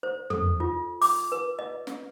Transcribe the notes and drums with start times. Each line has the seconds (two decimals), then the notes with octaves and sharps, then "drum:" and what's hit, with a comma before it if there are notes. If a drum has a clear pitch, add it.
0.03 C5
0.30 A4, drum: tom
0.60 F4
1.02 D6, drum: open hi-hat
1.32 B4
1.59 D#5
1.87 drum: snare